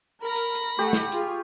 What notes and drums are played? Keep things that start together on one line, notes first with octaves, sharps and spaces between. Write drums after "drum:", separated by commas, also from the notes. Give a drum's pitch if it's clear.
A#4 B5 A#6
drum: hi-hat
drum: hi-hat
A3 G4 F#5 C#6
drum: snare
F4 G#4, drum: hi-hat